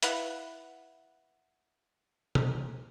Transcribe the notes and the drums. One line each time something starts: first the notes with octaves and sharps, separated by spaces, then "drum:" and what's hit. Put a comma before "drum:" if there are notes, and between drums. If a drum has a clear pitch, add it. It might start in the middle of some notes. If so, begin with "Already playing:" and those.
E4 B4 F5 F#5, drum: hi-hat
drum: tom